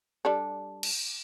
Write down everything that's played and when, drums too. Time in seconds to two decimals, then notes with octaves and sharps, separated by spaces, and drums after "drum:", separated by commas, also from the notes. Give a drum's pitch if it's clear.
0.25 G3 D4 A4
0.83 drum: cymbal